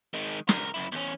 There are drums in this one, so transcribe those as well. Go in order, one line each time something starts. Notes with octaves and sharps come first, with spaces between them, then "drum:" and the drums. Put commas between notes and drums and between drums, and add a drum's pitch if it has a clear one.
D#3 G#3
C#2 A#4, drum: snare
F#2 E4
E2 C#4